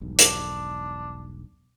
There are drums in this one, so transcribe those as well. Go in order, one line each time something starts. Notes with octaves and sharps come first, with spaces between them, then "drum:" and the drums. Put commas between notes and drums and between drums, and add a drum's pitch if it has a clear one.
E1 B1 G2
D4, drum: hi-hat